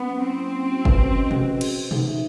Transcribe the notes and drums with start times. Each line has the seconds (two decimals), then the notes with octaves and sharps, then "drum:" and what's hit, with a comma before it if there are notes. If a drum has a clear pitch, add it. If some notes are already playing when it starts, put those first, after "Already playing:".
Already playing: A#3 B3 C#4
0.09 F#3
0.24 C4 E4
0.40 A#3
0.55 C#4
0.70 F#4
0.85 B4, drum: kick F#1
1.00 C#4
1.16 D#5
1.31 F#4, drum: tom A#2
1.46 B4
1.61 G#4, drum: cymbal
1.76 C5
1.91 D#4, drum: tom A#2
2.07 E5